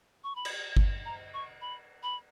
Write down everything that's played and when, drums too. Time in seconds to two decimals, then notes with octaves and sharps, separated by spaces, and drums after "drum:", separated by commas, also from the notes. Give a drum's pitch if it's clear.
0.24 C#6
0.35 B5
0.45 drum: cymbal
0.77 drum: kick G1
1.05 A#5
1.34 C#6
1.61 B5
2.03 B5